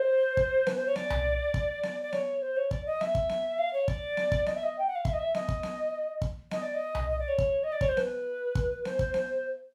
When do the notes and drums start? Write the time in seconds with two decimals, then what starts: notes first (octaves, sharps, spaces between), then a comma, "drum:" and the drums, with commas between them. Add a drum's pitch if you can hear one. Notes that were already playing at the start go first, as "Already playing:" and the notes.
Already playing: C5
0.37 drum: kick
0.67 B4, drum: snare B3
0.76 C5
0.86 C#5
0.96 D5, drum: snare B3
1.10 drum: tom C2
1.54 drum: kick
1.83 drum: snare B3
2.02 D5
2.12 C#5, drum: snare B3
2.42 C5
2.57 C#5
2.71 D5, drum: kick
2.86 D#5
3.01 E5, drum: snare B3
3.15 drum: kick
3.29 drum: snare B3
3.58 F5
3.73 C#5
3.88 D5, drum: kick
4.17 drum: snare B3
4.32 drum: kick
4.46 D#5, drum: snare B3
4.55 E5
4.63 D#5
4.79 G5
4.87 F#5
4.95 F5
5.05 E5, drum: kick
5.13 D#5
5.19 E5
5.34 D#5, drum: snare B3
5.49 drum: kick
5.63 drum: snare B3
6.22 drum: kick
6.51 D#5, drum: snare B3
6.62 D5
6.74 D#5
6.95 drum: tom C2
7.09 D#5
7.19 D5
7.28 C#5
7.38 drum: kick
7.64 D#5
7.72 D5
7.81 C#5, drum: kick
7.89 C5
7.97 B4, drum: snare B3
8.55 drum: kick
8.85 C5, drum: snare B3
8.99 drum: kick
9.14 drum: snare B3